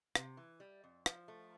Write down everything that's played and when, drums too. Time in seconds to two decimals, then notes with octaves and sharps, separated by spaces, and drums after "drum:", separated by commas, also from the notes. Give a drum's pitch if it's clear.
0.15 C3, drum: rim click
0.37 E3
0.60 G3
0.84 F2
1.06 F3, drum: rim click
1.28 A3